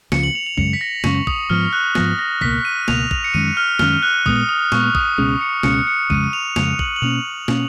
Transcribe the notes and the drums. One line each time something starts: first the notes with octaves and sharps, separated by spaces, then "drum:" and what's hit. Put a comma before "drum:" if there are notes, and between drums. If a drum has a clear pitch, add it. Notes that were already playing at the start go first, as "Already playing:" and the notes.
C#2 C#3 F3 C#7, drum: snare
F#7
F7
F7
F#2 C#3 G#3 C#4 C#7, drum: kick
B6
A#6
F#2 C#3 G#3 C#4 C#6, drum: snare
D#6, drum: kick
G#2 F3 B3 F6
F#6
G#2 F3 B3 A#6, drum: snare
A#6
C#2 B2 A#3 B6, drum: kick
D#7
C#2 B2 A#3 F7, drum: snare
F7, drum: kick
C#7
F#2 D#3 G#3 C#4 D#7
F6
F#2 D#3 G#3 C#4 F6, drum: snare
F#6
A#2 G#3 B3 D#6, drum: kick
D#6
A#2 G#3 B3 C#6, drum: snare
D#6, drum: kick
C#2 B2 G#3 C#4 D#6
C#7
C#2 B2 G#3 C#4 C#7, drum: snare
C#7
F2 C#3 G#3 D#7, drum: kick
F7
F2 C#3 G#3 F7, drum: snare
F#7, drum: kick
F#7
B2 A#3 C#4 F7
B2 A#3 C#4, drum: snare